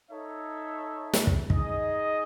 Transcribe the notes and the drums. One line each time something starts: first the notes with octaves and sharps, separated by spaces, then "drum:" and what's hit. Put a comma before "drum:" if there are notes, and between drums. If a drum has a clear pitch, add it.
D#4 A4 C#5 E5
drum: snare
drum: kick
D#4 G#4 D#5, drum: kick